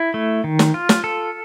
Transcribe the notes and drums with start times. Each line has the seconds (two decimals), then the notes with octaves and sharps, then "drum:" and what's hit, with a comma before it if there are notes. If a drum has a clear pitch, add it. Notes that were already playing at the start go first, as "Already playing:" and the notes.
Already playing: E4
0.14 A3
0.44 D#3
0.59 drum: snare
0.74 F4
0.89 drum: snare
1.04 A4